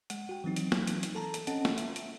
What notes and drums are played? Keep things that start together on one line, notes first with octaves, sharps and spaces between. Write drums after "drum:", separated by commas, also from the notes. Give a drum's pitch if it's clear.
G#3 F#5, drum: hi-hat
F#4 G5
E3 F#3 C4 D#4
drum: hi-hat
drum: snare
drum: hi-hat
drum: hi-hat
A4 A5 A#5
drum: hi-hat
C4 C#4 A4 D#5 F#5 A5, drum: hi-hat
drum: snare
E5, drum: hi-hat
drum: hi-hat